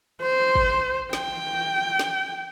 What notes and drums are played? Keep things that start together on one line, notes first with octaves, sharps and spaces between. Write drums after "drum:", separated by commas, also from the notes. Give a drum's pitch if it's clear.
C5
drum: kick G1
G5, drum: snare
drum: snare